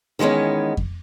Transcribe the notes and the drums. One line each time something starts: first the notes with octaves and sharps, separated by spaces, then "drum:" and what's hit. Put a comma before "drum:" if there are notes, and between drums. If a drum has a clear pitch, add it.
D#3 E3 G#3 B3 C#4
drum: kick F2